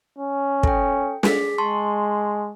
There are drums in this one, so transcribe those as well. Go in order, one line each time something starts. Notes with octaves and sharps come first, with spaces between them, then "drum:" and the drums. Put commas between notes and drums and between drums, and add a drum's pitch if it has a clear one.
C#4
A4 G5, drum: kick
G#4 B6, drum: snare
G#3 A5 C6 C#6